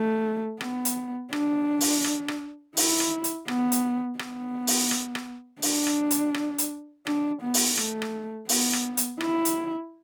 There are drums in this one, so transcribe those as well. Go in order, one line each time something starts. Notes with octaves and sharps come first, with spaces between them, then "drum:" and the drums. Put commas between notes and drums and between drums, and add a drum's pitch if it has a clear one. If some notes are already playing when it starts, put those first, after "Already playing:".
Already playing: A3
B3, drum: rim click
drum: hi-hat
D4, drum: rim click
drum: open hi-hat
drum: rim click
drum: rim click
E4, drum: open hi-hat
drum: rim click
drum: hi-hat
B3, drum: rim click
drum: hi-hat
B3, drum: rim click
drum: open hi-hat
drum: rim click
drum: rim click
D4, drum: open hi-hat
drum: rim click
drum: hi-hat
drum: rim click
drum: hi-hat
D4, drum: rim click
B3
drum: open hi-hat
A3, drum: rim click
drum: rim click
B3, drum: open hi-hat
drum: rim click
drum: hi-hat
E4, drum: rim click
drum: hi-hat